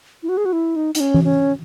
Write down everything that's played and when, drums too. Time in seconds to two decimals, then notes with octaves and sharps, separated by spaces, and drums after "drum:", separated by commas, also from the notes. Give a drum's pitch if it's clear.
0.23 E4
0.29 F#4
0.37 G#4
0.45 F#4
0.53 E4
0.76 D#4
0.95 D#4, drum: hi-hat
1.00 C#4
1.14 drum: tom E3
1.24 C#4